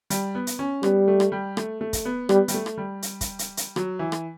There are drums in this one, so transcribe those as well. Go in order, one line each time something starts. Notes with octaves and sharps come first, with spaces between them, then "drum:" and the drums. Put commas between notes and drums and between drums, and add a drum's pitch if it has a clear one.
G3, drum: hi-hat
B3
drum: hi-hat
C#4
G3 B3, drum: rim click
A3
drum: rim click
G3
A3, drum: rim click
A3
drum: kick, hi-hat
B3
G3 B3, drum: rim click
G3, drum: hi-hat
A3
drum: rim click
G3
drum: hi-hat
drum: kick, hi-hat
drum: hi-hat
drum: hi-hat
F#3, drum: rim click
E3
drum: rim click